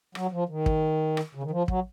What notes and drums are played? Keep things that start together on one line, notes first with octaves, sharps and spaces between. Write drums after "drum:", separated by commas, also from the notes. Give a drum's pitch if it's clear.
F#3, drum: rim click
F3
D#3
drum: kick
drum: rim click
C#3
D#3
F3
F#3, drum: kick